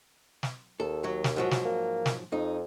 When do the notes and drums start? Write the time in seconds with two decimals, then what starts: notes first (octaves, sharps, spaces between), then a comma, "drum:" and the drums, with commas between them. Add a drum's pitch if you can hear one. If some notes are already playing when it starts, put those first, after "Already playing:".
0.43 drum: snare
0.80 D#2 A4
1.04 F#3
1.24 drum: snare
1.36 G#2 F3 F#3
1.51 drum: snare
1.65 A#3
2.06 drum: snare
2.32 F2 D#4